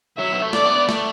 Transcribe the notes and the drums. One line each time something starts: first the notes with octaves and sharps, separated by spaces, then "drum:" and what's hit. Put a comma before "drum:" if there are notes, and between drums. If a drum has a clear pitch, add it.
F#3 E5
B3
A3
D5, drum: snare
B3
A3, drum: snare